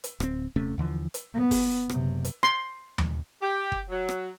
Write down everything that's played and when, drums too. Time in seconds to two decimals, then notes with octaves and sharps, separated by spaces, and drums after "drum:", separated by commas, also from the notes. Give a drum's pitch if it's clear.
0.04 drum: hi-hat
0.20 D1 C4, drum: rim click
0.56 D#1 C3 A3 C#4
0.78 D#2 D3 E3 F3
1.14 drum: hi-hat
1.34 B3
1.51 drum: kick, open hi-hat
1.89 F#1 C3, drum: rim click
2.25 drum: hi-hat
2.43 C6, drum: rim click
2.98 drum: tom D#2
3.42 G4
3.72 drum: kick
3.90 F#3
4.09 drum: rim click